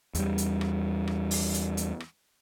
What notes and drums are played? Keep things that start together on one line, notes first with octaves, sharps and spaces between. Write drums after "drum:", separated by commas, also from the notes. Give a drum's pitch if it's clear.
E2 G3, drum: hi-hat
drum: hi-hat
drum: rim click
drum: rim click
drum: open hi-hat
drum: hi-hat
drum: hi-hat
drum: rim click